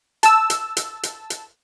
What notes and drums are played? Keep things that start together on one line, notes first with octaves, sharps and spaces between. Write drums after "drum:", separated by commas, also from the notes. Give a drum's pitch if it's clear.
A5 E6, drum: hi-hat
drum: hi-hat
drum: hi-hat
drum: hi-hat
drum: hi-hat